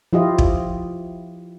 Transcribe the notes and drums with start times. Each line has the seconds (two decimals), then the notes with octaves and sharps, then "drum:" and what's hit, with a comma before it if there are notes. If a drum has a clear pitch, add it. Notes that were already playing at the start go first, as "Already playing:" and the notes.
0.13 F3 E4 F4 G4 D#5
0.38 drum: kick